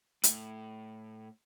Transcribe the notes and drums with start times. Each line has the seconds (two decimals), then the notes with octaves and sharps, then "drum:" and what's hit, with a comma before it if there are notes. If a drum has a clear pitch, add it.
0.23 A2, drum: hi-hat